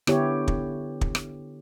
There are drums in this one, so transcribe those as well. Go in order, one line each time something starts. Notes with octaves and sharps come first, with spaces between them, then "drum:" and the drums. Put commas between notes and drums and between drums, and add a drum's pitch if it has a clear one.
D3 B3 E4 G4 C#5, drum: rim click
drum: kick
drum: kick
drum: rim click